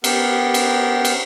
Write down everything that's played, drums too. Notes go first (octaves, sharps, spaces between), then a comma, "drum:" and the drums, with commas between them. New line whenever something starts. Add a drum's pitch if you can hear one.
B3 G4 A#4, drum: cymbal
drum: cymbal
drum: cymbal